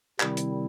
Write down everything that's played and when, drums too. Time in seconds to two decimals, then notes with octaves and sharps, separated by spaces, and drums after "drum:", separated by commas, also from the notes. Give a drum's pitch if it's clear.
0.20 C3 D#3 G3 C4 E4, drum: clap
0.37 drum: hi-hat